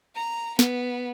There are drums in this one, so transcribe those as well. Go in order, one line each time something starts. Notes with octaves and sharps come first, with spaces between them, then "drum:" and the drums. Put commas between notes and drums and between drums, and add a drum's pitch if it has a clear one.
A#5
B3, drum: snare